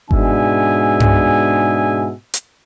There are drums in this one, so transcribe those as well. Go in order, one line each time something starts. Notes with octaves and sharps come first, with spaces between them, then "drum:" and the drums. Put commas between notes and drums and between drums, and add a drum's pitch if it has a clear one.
G#2 B2 D4 G#4 E5 G#5, drum: kick G1
drum: tom G2
drum: hi-hat